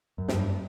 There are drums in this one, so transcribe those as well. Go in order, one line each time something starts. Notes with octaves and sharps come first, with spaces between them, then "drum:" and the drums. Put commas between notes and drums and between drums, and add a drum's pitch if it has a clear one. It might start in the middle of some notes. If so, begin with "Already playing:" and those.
F#2
G2, drum: snare